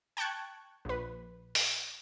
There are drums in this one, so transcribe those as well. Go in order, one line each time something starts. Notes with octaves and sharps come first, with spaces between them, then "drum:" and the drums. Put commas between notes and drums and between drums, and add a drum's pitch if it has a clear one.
G5 A5 C#6 F#6 G#6
A#1 B4
drum: open hi-hat